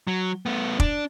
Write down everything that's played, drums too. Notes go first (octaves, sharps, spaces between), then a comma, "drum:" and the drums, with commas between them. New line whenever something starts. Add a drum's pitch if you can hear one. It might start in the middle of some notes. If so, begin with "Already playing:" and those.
F#3
A3 B3
D4, drum: kick F1